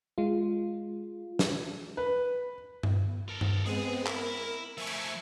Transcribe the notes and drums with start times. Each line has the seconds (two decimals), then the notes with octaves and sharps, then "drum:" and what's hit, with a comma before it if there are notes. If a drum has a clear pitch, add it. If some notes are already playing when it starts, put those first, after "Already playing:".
0.18 G#3 F4
1.39 drum: snare
1.97 B4
2.83 drum: tom G2
3.29 A4 A#4
3.41 drum: tom G2
3.66 G#3 B3 C4 G#4 G#5
4.06 E4 A#4, drum: clap
4.78 F3 A3 E5 G#5 C#6
4.87 drum: cymbal